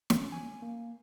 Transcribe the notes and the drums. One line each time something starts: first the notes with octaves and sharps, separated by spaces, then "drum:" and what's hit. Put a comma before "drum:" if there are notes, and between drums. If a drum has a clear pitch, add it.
drum: snare
C#4
G#5
A#3